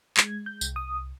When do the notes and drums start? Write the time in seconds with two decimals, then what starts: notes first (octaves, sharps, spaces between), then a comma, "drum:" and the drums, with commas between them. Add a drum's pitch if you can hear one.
0.17 G#3 G#6, drum: clap
0.46 G6
0.61 C2, drum: tambourine
0.76 D#6